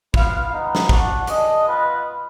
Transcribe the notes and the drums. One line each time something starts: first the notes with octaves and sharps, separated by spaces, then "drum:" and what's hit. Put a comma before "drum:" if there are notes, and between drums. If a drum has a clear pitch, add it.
B3 F4 B4 F5, drum: kick
G#3 B3 D#4
drum: snare
D4 F#4 D5 F#5, drum: kick
D4 G#4 D#5, drum: hi-hat
B3 F4 B4 D#5 F#5